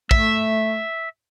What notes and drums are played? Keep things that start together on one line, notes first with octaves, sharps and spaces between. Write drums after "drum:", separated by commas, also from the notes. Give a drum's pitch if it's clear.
A3 E5, drum: kick